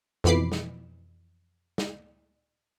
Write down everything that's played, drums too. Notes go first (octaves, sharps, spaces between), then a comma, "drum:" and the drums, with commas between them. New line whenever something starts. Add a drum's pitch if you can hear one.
F2 B2 E3 B5 D6 C7, drum: snare
drum: snare
drum: snare